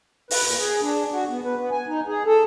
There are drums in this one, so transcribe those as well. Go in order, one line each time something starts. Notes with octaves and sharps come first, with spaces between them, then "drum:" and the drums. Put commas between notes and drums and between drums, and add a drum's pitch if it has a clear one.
B4, drum: open hi-hat
A#2
G#4
D4
F#4
B3
B4
B3
G#5
D#4
G#4
A4